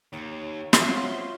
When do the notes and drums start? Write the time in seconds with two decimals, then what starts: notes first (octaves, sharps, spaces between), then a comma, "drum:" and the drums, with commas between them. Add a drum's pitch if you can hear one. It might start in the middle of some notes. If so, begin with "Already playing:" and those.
0.13 D#2 C#5
0.73 F4 F#4 C5 C#5 E5 C6, drum: snare